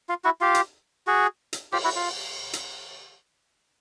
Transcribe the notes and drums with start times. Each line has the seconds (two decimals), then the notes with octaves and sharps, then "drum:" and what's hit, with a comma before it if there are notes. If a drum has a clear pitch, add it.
0.09 F4
0.24 E4 F#4
0.41 F4 G4
0.55 drum: hi-hat
1.07 F#4 G#4
1.53 drum: hi-hat
1.72 F4 G4, drum: cymbal
1.84 E4 F#4
1.96 F4
2.53 drum: hi-hat